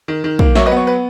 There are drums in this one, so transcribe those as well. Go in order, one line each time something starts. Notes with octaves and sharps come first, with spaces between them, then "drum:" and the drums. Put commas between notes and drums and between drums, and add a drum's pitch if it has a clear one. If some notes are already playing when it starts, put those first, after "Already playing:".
D#3
D#3
A#3, drum: kick
F#3 C#5 E5, drum: snare
B4 D#5
B3 C#5
B4